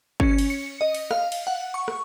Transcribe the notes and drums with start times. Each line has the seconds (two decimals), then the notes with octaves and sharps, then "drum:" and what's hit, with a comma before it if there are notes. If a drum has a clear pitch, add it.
0.20 C#4, drum: kick G1
0.38 drum: cymbal
0.50 C#7
0.81 D#5
0.94 drum: cymbal
1.11 F5, drum: rim click
1.32 drum: cymbal
1.47 F#5
1.74 C#6
1.88 drum: rim click